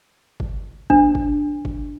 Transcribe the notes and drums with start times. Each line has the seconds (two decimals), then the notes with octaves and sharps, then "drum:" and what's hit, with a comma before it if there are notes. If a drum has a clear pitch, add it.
0.40 drum: kick
0.90 D4, drum: kick
1.15 drum: kick
1.65 drum: kick